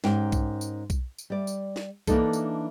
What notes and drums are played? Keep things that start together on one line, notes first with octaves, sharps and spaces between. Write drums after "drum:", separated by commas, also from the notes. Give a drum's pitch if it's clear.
G#2 C#4 G4 A#4 G5, drum: snare
drum: kick B1, tambourine
drum: tambourine
drum: kick B1, tambourine
drum: tambourine
G3 D5
drum: tambourine
drum: snare
E3 A#3 D4 D#4 A4, drum: kick B1, tambourine
drum: tambourine